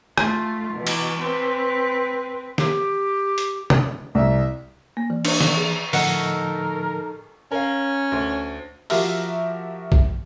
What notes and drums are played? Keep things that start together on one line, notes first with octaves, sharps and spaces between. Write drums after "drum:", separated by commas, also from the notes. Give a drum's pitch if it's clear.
A3 F4, drum: rim click
B2 E3
drum: cymbal
C4 B4
G4, drum: snare
drum: hi-hat
drum: tom
C2 E5
A#3
E3
D4, drum: cymbal
E3, drum: snare
G#4
A2 D3 F3 D#4 A4 A#4 F#5, drum: open hi-hat
C#4 A#4 F5
D2
F3 F#4 G4 A#4 E5, drum: open hi-hat
drum: kick A#1